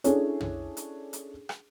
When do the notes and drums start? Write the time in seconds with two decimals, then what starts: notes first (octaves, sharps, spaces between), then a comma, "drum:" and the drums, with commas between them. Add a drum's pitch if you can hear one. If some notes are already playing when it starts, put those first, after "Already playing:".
0.04 C#4 D4 E4 G#4 A4 C#5, drum: hi-hat
0.40 drum: tom
0.77 drum: hi-hat
1.13 drum: hi-hat
1.49 drum: rim click